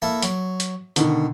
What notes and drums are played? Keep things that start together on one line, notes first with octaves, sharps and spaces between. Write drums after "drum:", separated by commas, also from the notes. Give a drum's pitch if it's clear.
A#3 E4 A4
F#3, drum: hi-hat
drum: hi-hat
B2 D3 D#3, drum: hi-hat